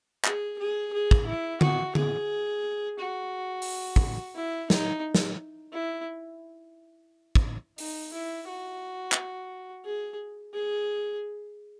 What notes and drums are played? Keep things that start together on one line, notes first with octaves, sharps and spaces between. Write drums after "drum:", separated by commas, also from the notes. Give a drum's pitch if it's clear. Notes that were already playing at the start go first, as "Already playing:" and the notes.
G#4, drum: clap
G#4
G#4
drum: kick
E4
F#4, drum: tom D3
G#4, drum: tom D3
F#4
drum: open hi-hat
drum: kick
E4
D#4, drum: snare
drum: snare
E4
drum: kick
D#4, drum: open hi-hat
E4
F#4
drum: clap
G#4
G#4